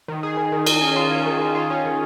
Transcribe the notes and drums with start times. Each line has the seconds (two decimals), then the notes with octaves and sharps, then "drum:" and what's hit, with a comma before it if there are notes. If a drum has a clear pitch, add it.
0.08 D#3
0.23 G#4
0.37 D#3
0.52 D#3
0.67 D#3, drum: cymbal
0.81 C#4
0.96 F4
1.11 C#4
1.26 D#3
1.41 F4
1.55 F4
1.70 C#4
1.85 D#3